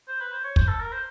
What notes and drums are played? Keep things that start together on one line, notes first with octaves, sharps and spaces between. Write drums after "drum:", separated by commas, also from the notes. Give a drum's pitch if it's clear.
C5
B4
C5
C#5
C5, drum: kick
A4
A#4
C5